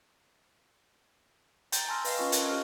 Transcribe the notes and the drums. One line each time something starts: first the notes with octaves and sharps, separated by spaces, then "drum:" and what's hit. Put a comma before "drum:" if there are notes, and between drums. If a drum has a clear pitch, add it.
G5 A#5 G6 A6, drum: hi-hat
G#5 A5 C6 E6 F6 A#6
B4 D#5 F5, drum: open hi-hat
C#4 F4 C#6
A#4 D#5 F#6 G#6, drum: hi-hat
G4 C5 F6